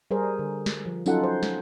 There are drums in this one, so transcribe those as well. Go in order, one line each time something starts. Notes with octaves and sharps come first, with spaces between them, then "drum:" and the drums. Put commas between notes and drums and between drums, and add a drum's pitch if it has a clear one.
G3 G#4 A#4 C5
D3
drum: snare
F3
F#3 C#4 D#4 F4 A4 F#5, drum: tambourine
C5
drum: snare